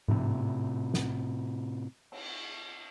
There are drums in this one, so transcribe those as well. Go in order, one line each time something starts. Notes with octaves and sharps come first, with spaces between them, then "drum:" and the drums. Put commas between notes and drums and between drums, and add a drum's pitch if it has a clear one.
A2 C3, drum: tom G#2
drum: snare
drum: cymbal